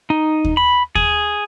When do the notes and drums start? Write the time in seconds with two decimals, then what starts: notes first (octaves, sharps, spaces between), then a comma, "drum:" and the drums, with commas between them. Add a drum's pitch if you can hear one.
0.10 D#4
0.45 drum: kick D#2
0.57 B5
0.95 G#4, drum: kick D#2